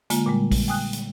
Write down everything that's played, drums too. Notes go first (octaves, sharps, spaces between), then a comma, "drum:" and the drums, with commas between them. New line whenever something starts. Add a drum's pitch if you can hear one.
D3 G#3 A#3 F4, drum: hi-hat
A#2 G3 G#3
drum: kick A#1, open hi-hat
G5 G#5 D#6 F#6
drum: hi-hat